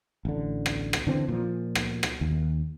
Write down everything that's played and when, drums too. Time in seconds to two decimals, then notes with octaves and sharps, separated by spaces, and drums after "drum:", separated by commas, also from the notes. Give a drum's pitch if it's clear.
0.25 A1 D3
0.66 drum: rim click
0.93 drum: rim click
1.07 D3 E3 C4
1.28 A#2 F3
1.75 drum: rim click
2.03 drum: rim click
2.21 D#2